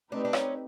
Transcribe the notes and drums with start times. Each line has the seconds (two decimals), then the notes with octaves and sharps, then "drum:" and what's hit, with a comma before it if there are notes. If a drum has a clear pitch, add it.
0.12 A3 C4 D4 D#4 G4 B4
0.25 D4
0.33 C#4, drum: rim click